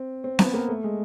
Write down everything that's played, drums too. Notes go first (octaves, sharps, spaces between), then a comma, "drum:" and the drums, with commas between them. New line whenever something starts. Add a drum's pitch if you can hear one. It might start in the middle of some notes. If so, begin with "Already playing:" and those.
Already playing: C4
C4
B3, drum: snare C4
A#3
A3
G#3